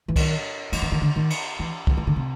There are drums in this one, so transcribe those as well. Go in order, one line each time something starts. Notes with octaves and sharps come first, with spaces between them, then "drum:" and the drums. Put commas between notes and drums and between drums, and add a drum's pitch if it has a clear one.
E3
D#3, drum: kick, cymbal
F3, drum: cymbal
E3
D#3
D3
D#3
drum: cymbal
E3
D#3, drum: kick
E3
D3
C3